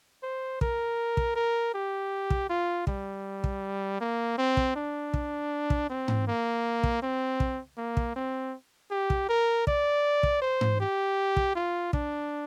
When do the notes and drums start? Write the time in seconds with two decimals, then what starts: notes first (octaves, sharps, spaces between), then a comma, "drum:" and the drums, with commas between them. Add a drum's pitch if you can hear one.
0.23 C5
0.61 A#4, drum: kick
1.17 drum: kick
1.36 A#4
1.74 G4
2.30 drum: kick
2.49 F4
2.87 G3, drum: kick
3.44 drum: kick
4.00 A#3
4.38 C4
4.57 drum: kick
4.76 D4
5.14 drum: kick
5.70 drum: kick
5.89 C4
6.08 drum: tom G#2
6.27 A#3
6.83 drum: kick
7.02 C4
7.40 drum: kick
7.78 A#3
7.97 drum: kick
8.16 C4
8.91 G4
9.10 drum: kick
9.29 A#4
9.67 D5, drum: kick
10.23 drum: kick
10.42 C5
10.61 drum: tom G#2
10.80 G4
11.37 drum: kick
11.55 F4
11.93 D4, drum: kick